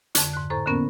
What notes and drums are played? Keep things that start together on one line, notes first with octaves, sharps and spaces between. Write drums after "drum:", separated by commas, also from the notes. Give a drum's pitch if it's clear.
F2 D3, drum: hi-hat
G#2 F#6
E2 A2 A4 C5 A#5
D3 A#3 B3 C#4 A#4